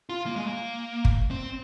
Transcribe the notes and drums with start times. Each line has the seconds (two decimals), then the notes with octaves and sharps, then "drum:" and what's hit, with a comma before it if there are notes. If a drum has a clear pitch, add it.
0.09 F4
0.26 A#3
0.36 G#3
0.46 A#3
1.05 drum: kick
1.31 C4